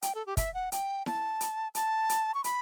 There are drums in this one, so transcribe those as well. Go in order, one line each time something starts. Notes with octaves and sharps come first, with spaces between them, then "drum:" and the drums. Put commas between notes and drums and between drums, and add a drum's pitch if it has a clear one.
G5, drum: hi-hat
A4
G4
E5, drum: kick, hi-hat
F#5
G5, drum: hi-hat
A5, drum: snare E4
drum: hi-hat
A5, drum: hi-hat
drum: hi-hat
C#6
B5, drum: hi-hat